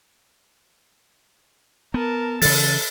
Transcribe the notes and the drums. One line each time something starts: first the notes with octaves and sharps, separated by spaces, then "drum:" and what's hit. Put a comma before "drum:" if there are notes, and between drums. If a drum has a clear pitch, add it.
B3 A#4 A5
C#3 E3 A4 A6, drum: open hi-hat